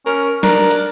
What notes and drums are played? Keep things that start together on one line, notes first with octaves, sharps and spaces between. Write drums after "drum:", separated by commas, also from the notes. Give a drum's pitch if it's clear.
C#4 A#4
D4 A#4, drum: snare
drum: hi-hat